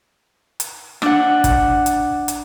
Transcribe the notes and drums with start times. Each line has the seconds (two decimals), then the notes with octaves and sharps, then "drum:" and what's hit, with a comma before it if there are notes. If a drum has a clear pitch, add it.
0.60 drum: hi-hat
1.02 D4 F#5, drum: rim click
1.44 drum: kick, hi-hat
1.86 drum: hi-hat
2.28 drum: hi-hat